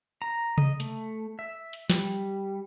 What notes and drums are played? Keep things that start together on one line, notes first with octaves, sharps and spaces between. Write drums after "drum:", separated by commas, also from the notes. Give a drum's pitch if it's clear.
A#5
D#5, drum: tom C3
A3, drum: hi-hat
E5
drum: hi-hat
G3, drum: snare